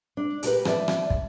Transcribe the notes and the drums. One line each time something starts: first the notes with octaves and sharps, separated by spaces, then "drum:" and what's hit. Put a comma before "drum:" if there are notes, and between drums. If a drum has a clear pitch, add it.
D4
A#2 G4 A#4 B4, drum: hi-hat
F3 D5 E5 A5, drum: rim click
drum: rim click
drum: kick